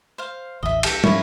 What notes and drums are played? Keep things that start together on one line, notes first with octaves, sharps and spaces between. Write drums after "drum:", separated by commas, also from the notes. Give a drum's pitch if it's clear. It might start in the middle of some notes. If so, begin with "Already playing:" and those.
C5 F5
A1 D#2 E3 D#5 E5
C2 G4 A4 F5, drum: cymbal
G#2 F3 C#4 E4 C#5 F5, drum: tom